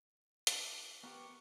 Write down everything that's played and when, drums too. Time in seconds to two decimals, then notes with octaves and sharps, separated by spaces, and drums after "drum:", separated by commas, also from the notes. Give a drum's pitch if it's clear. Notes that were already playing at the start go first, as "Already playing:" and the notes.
0.47 F3 A3 D4, drum: hi-hat
1.03 A3 B3 F#4 G4 A#4 B4 C#6